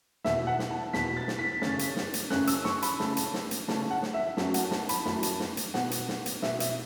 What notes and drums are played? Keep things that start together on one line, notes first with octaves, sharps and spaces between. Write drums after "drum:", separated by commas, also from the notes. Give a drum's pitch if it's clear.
E2 B2 B3 E5, drum: snare
F#5
drum: snare
A5
E2 B2 B3 B6, drum: snare
A6
drum: snare
B6
F#2 C#3 A3 C#4 A6, drum: snare
drum: hi-hat
drum: snare
drum: hi-hat
F#2 C#3 A3 C#4 F#6, drum: snare
E6, drum: hi-hat
C#6, drum: snare
B5, drum: hi-hat
C#3 A3 C#4 A5, drum: snare
drum: hi-hat
drum: snare
drum: hi-hat
C#3 A3 C#4 A5, drum: snare
F#5
drum: snare
E5
F#2 F#3 A3 C#4 A5, drum: snare
F#5, drum: hi-hat
A5, drum: snare
B5, drum: hi-hat
F#2 F#3 A3 C#4 A5, drum: snare
drum: hi-hat
drum: snare
drum: hi-hat
B2 B3 F#5, drum: snare
drum: hi-hat
drum: snare
drum: hi-hat
B2 B3 E5, drum: snare
E5, drum: hi-hat